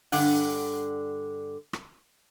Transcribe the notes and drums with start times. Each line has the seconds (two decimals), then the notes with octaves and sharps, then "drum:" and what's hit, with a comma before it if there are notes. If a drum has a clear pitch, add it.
0.12 G2 D3 F#5, drum: open hi-hat
1.73 drum: rim click